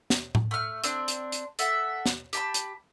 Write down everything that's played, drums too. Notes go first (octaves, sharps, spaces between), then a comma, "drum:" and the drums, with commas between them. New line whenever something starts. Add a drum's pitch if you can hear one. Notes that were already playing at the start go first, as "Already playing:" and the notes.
drum: snare
drum: tom A2
A3 F6
C4 D4, drum: hi-hat
drum: hi-hat
drum: hi-hat
A4 E5 F#5, drum: hi-hat
drum: snare
G4 A5 B5, drum: hi-hat
drum: hi-hat